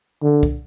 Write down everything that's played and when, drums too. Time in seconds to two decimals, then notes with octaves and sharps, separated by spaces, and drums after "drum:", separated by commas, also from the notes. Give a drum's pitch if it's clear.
0.22 D3
0.43 drum: kick